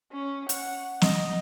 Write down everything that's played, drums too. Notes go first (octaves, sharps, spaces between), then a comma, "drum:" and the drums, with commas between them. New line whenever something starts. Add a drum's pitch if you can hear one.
C#4
F#5, drum: hi-hat
D#5, drum: snare